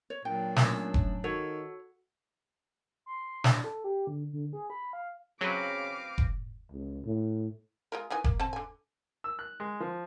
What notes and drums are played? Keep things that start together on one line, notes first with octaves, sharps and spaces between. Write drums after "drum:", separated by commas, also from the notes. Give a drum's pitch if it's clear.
C#5
A#2 F#3 D4 G5
A3 C#4 C#5 E6, drum: snare
drum: kick F1
D#3 F#4 A4 C#5 F#5
C6
D4, drum: snare
A4
G4
D3
D3
G#4
B5
F5
C#3 F#3 C4 F#4 B4 F5 D6
drum: kick F1
C#2
A2
G#3 F4 A#4
D#3 E3 G#5
A#3, drum: kick F1
C4 A5
D3 G#5
E6
F#6
G#3
F3